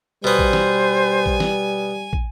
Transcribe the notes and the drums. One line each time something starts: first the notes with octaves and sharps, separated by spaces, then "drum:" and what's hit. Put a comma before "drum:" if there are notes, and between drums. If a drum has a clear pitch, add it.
B2 G3 B3 C5 G#5
drum: kick
drum: snare
drum: kick
drum: snare
drum: kick